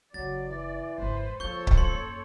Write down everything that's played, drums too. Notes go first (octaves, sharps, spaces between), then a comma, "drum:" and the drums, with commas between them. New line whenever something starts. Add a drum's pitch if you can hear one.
F#1 F#3 D5 A6
E3
G#1 F2 B4 C5
F3 A#3 A4 C#5 C#6 G6
drum: kick C#1
F#2 A#3 C6